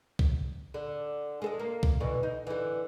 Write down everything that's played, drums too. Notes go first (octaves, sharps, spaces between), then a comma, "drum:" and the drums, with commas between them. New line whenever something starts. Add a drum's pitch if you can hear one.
drum: kick
D3
G#3 A4 D#5
A#3
drum: kick
B2 D3 E3
D#4
D3 E3